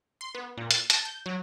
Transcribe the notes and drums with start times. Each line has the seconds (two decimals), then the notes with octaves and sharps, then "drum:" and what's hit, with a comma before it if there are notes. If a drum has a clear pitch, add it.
0.21 C6
0.35 B3
0.58 A#2
0.71 A6, drum: hi-hat
0.90 A5, drum: hi-hat
1.05 G6
1.26 F#3